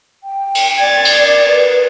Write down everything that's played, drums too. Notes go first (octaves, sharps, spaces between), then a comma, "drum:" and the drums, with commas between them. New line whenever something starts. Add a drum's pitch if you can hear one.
G5
drum: cymbal
D5 G#6 A6
drum: cymbal
B4